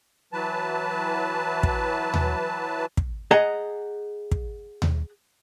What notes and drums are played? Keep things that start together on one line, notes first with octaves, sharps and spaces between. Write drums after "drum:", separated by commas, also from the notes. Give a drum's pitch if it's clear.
E3 F#3 B4 A5
drum: kick
drum: tom D#2
drum: kick
G#4 D#5 F#5 A#5
drum: kick
drum: tom D#2